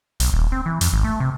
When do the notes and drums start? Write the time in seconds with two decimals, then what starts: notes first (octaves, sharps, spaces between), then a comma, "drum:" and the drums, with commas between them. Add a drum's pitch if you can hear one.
0.20 B1, drum: hi-hat
0.33 D#1
0.52 C4
0.66 E3
0.81 F2, drum: hi-hat
0.93 G#1
1.04 A3
1.20 C3